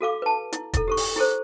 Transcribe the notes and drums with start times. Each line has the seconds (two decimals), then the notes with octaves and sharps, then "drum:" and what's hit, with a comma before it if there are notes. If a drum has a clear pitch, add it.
0.01 F#4 A4 F5 D6
0.22 B4 A5
0.53 E4, drum: hi-hat
0.73 E4 A4, drum: kick E1, hi-hat
0.88 G4 A4 C#6
0.97 drum: open hi-hat
1.16 E4 G#4 A4 C5